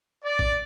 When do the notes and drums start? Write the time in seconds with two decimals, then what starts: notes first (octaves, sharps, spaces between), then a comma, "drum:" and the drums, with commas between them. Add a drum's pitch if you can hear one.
0.24 D5
0.39 drum: kick A1